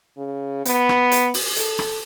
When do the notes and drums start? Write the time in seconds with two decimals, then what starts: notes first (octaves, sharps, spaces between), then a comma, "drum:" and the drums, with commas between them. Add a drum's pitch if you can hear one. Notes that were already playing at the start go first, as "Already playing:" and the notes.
0.17 C#3
0.65 B3, drum: hi-hat
0.89 drum: rim click
1.12 drum: hi-hat
1.34 drum: open hi-hat
1.56 A4, drum: hi-hat
1.79 drum: rim click